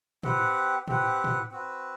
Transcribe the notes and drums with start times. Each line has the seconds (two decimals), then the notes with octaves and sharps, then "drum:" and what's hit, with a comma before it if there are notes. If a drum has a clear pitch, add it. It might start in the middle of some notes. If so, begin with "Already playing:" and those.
0.23 C4 G4 B4 F#5, drum: tom
0.88 C4 G4 B4 F#5, drum: tom
1.24 drum: tom
1.51 C4 F#4 B4